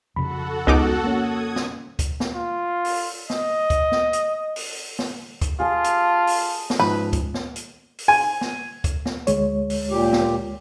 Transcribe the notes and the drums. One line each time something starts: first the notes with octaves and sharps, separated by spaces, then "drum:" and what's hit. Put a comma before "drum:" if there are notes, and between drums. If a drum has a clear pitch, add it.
F2 C#3 F#4 A4 F#5 B5
C#2 G#3 B3 D#4 D6
A#3 C#4 D#6 G#6
drum: snare
drum: kick, hi-hat
drum: snare
F4
drum: open hi-hat
D#5, drum: snare
drum: kick, hi-hat
drum: snare
drum: hi-hat
drum: open hi-hat
drum: snare
drum: kick, hi-hat
F4 G#4 A5
drum: hi-hat
drum: open hi-hat
drum: snare
G#2 F3 B4
drum: kick, hi-hat
drum: snare
drum: hi-hat
drum: open hi-hat
G#5
drum: snare
drum: kick, hi-hat
drum: snare
D2 G#3 C#5, drum: hi-hat
drum: open hi-hat
A#2 G4
drum: snare